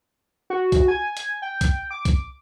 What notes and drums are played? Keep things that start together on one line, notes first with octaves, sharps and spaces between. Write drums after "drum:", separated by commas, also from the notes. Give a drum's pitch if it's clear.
F#4
drum: kick, hi-hat
G#5
drum: hi-hat
G5
drum: kick, hi-hat
D6
drum: kick, hi-hat